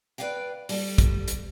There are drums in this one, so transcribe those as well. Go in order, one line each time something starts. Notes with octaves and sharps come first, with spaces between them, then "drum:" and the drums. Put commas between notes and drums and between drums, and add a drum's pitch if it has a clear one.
B4 C5 D5 F5 G5
G3 A4, drum: open hi-hat
drum: kick, hi-hat
drum: hi-hat